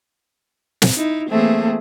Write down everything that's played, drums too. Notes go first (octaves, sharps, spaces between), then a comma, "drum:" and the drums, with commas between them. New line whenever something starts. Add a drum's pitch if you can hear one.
drum: snare
D#4 E4
E3 A3 A#3 C4 G#4